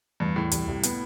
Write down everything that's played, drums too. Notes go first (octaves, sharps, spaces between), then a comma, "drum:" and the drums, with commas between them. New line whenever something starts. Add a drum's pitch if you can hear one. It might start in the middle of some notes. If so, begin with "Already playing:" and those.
E2 G2
E2 A2
C2, drum: hi-hat
C2
B3, drum: hi-hat